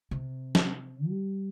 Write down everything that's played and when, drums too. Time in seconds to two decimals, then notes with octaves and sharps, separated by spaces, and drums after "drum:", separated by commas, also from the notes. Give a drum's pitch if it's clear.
0.11 C3
0.55 drum: snare
1.08 G3